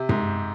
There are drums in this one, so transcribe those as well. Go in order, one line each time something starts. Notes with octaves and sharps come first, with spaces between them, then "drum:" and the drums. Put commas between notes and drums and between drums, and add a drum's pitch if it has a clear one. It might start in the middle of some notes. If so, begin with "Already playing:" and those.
Already playing: C3
G#2, drum: tom